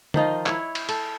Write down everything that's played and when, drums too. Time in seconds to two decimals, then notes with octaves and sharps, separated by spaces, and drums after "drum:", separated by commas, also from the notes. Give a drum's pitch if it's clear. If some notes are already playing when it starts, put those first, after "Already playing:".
0.14 D#3 F3 D#4 F4, drum: tom
0.46 E4 C#5, drum: clap
0.75 drum: cymbal
0.89 A4, drum: cymbal